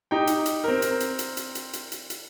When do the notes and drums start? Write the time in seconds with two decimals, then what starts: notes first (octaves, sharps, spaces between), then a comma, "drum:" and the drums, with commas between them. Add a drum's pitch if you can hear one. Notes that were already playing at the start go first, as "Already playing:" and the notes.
0.11 D#4 G4 G5
0.27 drum: hi-hat
0.46 drum: hi-hat
0.64 C4 A#4
0.82 drum: hi-hat
1.00 drum: hi-hat
1.19 drum: hi-hat
1.37 drum: hi-hat
1.55 drum: hi-hat
1.73 drum: hi-hat
1.92 drum: hi-hat
2.10 drum: hi-hat